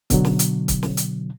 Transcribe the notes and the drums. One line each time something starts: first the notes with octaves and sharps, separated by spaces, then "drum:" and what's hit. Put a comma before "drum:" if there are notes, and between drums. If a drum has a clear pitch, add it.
B2 D3 F#3, drum: kick C#1, hi-hat
drum: snare
drum: hi-hat
drum: kick C#1, hi-hat
drum: snare
drum: hi-hat